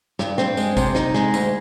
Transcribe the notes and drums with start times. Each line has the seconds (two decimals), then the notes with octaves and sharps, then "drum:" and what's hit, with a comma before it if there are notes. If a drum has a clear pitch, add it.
0.19 G2, drum: snare
0.38 C4, drum: snare
0.57 G#3, drum: tambourine
0.77 C3, drum: kick, tambourine
0.95 D#4, drum: snare
1.14 G#3, drum: snare
1.34 D2, drum: tambourine